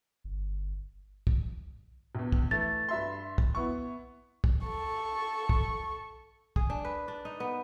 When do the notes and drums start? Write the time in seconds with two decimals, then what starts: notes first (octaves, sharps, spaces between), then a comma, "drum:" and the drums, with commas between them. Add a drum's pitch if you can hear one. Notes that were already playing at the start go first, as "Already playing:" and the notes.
0.24 G1
1.27 drum: kick
2.15 A#1 E2
2.32 drum: kick
2.51 E3 A3 A6
2.89 G2 E5 C6
3.38 drum: kick
3.55 B3 E4 C#6
4.44 drum: kick
4.66 A4 C#6
5.49 drum: kick
6.56 G#4, drum: kick
6.70 D4
6.85 B4
7.08 D4
7.25 D#4
7.40 B3